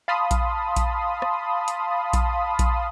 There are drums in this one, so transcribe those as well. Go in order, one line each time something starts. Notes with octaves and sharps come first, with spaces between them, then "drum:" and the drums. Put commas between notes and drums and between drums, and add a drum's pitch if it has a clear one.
F5 A5 B5 C6 D#6
drum: kick A#1, hi-hat
drum: kick A#1, hi-hat
drum: rim click
drum: hi-hat
drum: kick A#1, hi-hat
drum: kick A#1, hi-hat